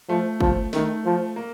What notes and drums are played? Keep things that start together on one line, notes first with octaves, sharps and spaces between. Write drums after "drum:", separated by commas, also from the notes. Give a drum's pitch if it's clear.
F3 A3
F3, drum: kick
D#3 A3, drum: snare
F3
A#3